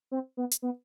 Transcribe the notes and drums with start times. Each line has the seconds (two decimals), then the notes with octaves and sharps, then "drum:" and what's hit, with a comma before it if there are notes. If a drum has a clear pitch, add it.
0.11 C4
0.37 B3
0.51 drum: hi-hat
0.62 B3